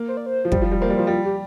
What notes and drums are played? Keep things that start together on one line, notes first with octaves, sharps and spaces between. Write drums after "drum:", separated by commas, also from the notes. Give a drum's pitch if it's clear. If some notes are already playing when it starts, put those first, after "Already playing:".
Already playing: A#3
C5
D5
C5
F3
G3, drum: kick
F3
G3
A#3 C5
G3
F3 C5
G3 F4
G4